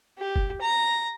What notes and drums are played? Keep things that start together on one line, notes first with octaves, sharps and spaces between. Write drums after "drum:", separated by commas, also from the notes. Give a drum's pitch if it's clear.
G4
drum: kick F#1
A#5